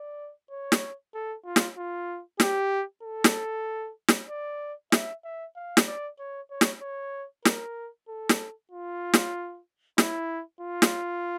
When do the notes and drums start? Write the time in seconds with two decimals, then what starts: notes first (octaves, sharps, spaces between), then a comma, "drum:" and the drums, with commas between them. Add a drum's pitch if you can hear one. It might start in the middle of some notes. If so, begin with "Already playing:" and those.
Already playing: D5
0.51 C#5
0.72 drum: snare
1.14 A4
1.45 F4
1.56 drum: snare
1.77 F4
2.40 G4, drum: snare
3.03 A4
3.24 drum: snare
4.08 drum: snare
4.29 D5
4.92 E5, drum: snare
5.24 E5
5.56 F5
5.77 drum: snare
5.88 D5
6.19 C#5
6.50 C#5
6.61 drum: snare
6.82 C#5
7.45 A#4, drum: snare
8.09 A4
8.29 drum: snare
8.72 F4
9.14 drum: snare
9.98 E4, drum: snare
10.61 F4
10.82 drum: snare